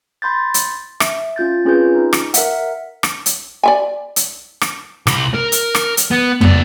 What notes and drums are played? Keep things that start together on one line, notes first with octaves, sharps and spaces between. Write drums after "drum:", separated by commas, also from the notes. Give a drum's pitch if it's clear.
B5 C6 G6 A6
drum: hi-hat
E5, drum: rim click
C#4 F4 G6 A6
C4 C#4 F4 G#4 B4 G6
D#4
drum: rim click
A#4 E5 F#5, drum: hi-hat
drum: rim click
drum: hi-hat
D5 E5 G#5
drum: hi-hat
drum: rim click
C2 B5, drum: rim click
A#4
drum: hi-hat
drum: rim click
drum: hi-hat
B3
B3 D5, drum: tom